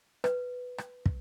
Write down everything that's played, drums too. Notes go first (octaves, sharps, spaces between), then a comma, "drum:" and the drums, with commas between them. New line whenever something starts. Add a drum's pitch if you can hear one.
B4, drum: rim click
drum: rim click
drum: kick